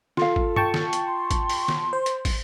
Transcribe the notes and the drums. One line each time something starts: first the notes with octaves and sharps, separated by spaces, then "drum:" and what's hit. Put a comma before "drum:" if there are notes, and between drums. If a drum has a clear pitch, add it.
F4 A4 F5, drum: snare
drum: kick
G5 A5 C#6, drum: tom
drum: snare
drum: hi-hat
C6
drum: kick, hi-hat
drum: open hi-hat
drum: snare
C5
drum: hi-hat
drum: kick, open hi-hat